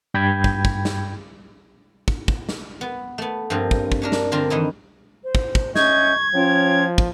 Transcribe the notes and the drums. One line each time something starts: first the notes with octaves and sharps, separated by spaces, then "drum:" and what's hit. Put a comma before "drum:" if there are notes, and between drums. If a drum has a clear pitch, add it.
G2 G5 B5 G6 G#6
drum: kick
drum: kick
drum: snare
drum: kick
drum: kick
drum: snare
B3
A3 B3
G2 F3 A#3 C4
drum: kick
drum: kick
C#4 D4 A#4
drum: snare
D3 C4 F4 A#4
D#3 E3 D#4 E4
C5
drum: kick
drum: kick
C#4 D#5 E5 C#6 G6 G#6, drum: snare
F3 C#4 F4 C#5 G5
drum: kick